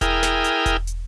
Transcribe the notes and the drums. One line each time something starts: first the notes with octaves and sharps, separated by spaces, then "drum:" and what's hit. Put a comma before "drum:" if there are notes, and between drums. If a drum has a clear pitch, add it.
E4 G#4 A#4 G5 D#6 F6, drum: kick E1, hi-hat
drum: snare
drum: hi-hat
drum: kick E1, hi-hat
drum: hi-hat